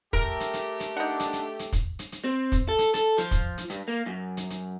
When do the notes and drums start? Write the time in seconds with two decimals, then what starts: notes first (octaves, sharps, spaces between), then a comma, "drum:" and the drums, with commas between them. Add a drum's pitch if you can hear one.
0.13 A3 G4 A#4, drum: kick
0.40 drum: hi-hat
0.53 drum: hi-hat
0.80 drum: hi-hat
0.97 D4 D#4 F#5
1.20 drum: hi-hat
1.33 drum: hi-hat
1.59 drum: hi-hat
1.73 drum: kick, hi-hat
1.99 drum: hi-hat
2.12 drum: hi-hat
2.24 C4
2.52 drum: kick, hi-hat
2.69 A4
2.78 drum: hi-hat
2.94 A4, drum: hi-hat
3.18 F3, drum: hi-hat
3.31 drum: kick, hi-hat
3.58 drum: hi-hat
3.70 G2, drum: hi-hat
3.88 A#3
4.06 F#2
4.37 drum: hi-hat
4.50 drum: hi-hat